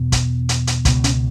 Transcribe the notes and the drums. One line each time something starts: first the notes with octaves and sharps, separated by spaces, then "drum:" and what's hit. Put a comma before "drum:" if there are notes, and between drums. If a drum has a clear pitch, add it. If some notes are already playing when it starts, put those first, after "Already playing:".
Already playing: E2 B2
drum: kick, hi-hat
drum: hi-hat
drum: hi-hat
C#2 B2, drum: kick, hi-hat
C#4, drum: hi-hat